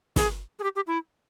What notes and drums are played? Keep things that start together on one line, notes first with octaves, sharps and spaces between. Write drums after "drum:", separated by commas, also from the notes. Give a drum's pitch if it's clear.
G#4, drum: snare
G#4
G4
G4
E4